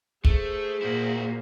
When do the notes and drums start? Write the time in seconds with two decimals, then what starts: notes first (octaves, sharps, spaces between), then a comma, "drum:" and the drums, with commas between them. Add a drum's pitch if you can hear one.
0.25 A3 G#4 C5, drum: kick
0.82 A#2 E4 F#4